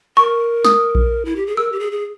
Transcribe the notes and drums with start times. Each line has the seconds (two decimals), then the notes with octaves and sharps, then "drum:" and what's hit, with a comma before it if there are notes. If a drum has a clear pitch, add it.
0.17 A#4 C#6
0.65 D#6, drum: snare
0.95 drum: kick A#1
1.25 E4
1.36 G4
1.46 G#4
1.56 A#4 E6
1.72 G4
1.80 G#4
1.92 G#4